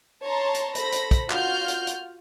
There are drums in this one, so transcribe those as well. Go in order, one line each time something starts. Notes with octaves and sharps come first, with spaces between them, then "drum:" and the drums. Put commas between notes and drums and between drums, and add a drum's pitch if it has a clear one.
C#5 A5 A#5 C6
drum: hi-hat
A4 C5 B5 A#6, drum: hi-hat
drum: hi-hat
drum: kick, hi-hat
F4 F#4 F6 G6, drum: clap
drum: hi-hat
drum: hi-hat